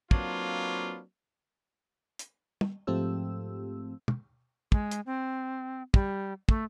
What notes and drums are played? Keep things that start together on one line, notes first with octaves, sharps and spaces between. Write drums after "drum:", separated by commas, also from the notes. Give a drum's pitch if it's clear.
F#3 A#3 C4 D4 F4 B4, drum: kick
drum: hi-hat
drum: tom
G#2 F3 A3 C4 G4 E6
drum: tom
G#3, drum: kick
drum: hi-hat
C4
G3, drum: kick
A3, drum: kick